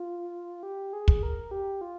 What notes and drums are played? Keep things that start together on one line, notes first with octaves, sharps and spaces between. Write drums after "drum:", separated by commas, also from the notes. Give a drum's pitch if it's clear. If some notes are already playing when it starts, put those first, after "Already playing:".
Already playing: F4
G4
G#4
drum: kick
A#4
G4
F4